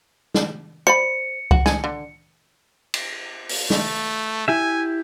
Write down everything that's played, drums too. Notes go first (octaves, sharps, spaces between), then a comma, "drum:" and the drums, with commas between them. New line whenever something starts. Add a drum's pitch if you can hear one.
drum: snare
C5 D5 B5 C#7
F#4, drum: kick C#2
G#4, drum: snare
D3
drum: cymbal
drum: open hi-hat
A3, drum: snare
E4 G4 E5 G#5